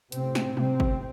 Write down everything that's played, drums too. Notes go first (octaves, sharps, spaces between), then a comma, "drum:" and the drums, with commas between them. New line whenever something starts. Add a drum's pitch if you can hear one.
A2 C3 C4, drum: hi-hat
drum: snare
C3 C4, drum: tom F#3
drum: kick G1